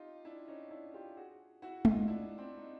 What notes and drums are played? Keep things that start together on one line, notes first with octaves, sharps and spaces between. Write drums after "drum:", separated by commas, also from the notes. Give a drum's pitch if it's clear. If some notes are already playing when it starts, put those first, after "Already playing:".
Already playing: D#4 F4 G4
D4 E4
C#4 D#4
D4 E4
F4 G4
F#4 G#4
E4 F#4
D#4 F4, drum: tom G#3
D4 E4
C4 D4
D#4